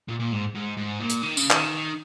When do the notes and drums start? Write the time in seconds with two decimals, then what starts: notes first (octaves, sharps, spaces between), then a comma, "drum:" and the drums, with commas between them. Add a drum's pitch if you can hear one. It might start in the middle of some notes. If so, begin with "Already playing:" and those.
0.09 A#2
0.20 A#2
0.32 G#2
0.55 G#2
0.77 G#2
1.00 A#2
1.10 drum: hi-hat
1.23 D#3
1.37 C#3, drum: tambourine
1.50 D#3, drum: clap